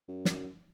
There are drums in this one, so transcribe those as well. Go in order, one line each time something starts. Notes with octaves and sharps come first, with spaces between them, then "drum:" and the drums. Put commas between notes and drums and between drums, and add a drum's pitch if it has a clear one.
F#2
drum: snare